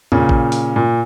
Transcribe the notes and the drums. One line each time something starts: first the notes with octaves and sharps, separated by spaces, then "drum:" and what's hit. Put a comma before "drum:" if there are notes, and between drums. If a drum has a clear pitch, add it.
A#2 C#3, drum: tom E2
drum: kick A1
drum: open hi-hat
A#2